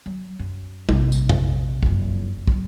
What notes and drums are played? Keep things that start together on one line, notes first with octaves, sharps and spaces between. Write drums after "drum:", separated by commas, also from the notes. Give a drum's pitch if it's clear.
F#3
F#2
A#1 C3, drum: tom
drum: tambourine
drum: tom F2
F#1 F2, drum: kick
F3 F#3, drum: kick